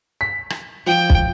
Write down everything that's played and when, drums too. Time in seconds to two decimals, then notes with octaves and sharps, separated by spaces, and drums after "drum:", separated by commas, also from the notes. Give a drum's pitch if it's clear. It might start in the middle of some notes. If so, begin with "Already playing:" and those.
0.21 B6
0.50 drum: rim click
0.86 F3 G5
1.10 drum: kick